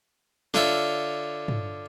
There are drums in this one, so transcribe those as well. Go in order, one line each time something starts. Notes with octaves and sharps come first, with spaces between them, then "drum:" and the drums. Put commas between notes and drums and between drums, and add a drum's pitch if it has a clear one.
D3 F4 C#5 E5, drum: snare
drum: tom